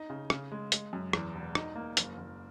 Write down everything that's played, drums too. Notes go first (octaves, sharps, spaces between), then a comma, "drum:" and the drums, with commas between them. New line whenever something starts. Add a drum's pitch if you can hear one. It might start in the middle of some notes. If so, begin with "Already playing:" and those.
Already playing: D#4
C#3
C#3, drum: rim click
G#3
G#3, drum: hi-hat
F#2
E2, drum: rim click
E1
D#4, drum: rim click
A#3
F#1, drum: hi-hat
F#1